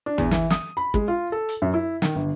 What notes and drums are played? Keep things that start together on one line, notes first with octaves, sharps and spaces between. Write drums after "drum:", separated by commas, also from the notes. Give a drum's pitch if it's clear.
D4
E2, drum: tom
E3, drum: snare
D#6, drum: snare
B5
G#3, drum: kick
F4
A4
drum: hi-hat
F#2
E4
D#3, drum: snare
G1